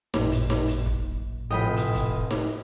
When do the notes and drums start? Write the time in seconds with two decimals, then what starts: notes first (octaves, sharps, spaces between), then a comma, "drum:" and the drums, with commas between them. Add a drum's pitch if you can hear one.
0.14 A1 F#2 A#2, drum: snare D#4
0.32 drum: hi-hat
0.50 drum: snare D#4
0.68 drum: hi-hat
0.86 drum: kick
1.51 F1 F2 A2 D#5 G5 B5
1.76 drum: hi-hat
1.94 drum: kick, hi-hat
2.31 drum: snare D#4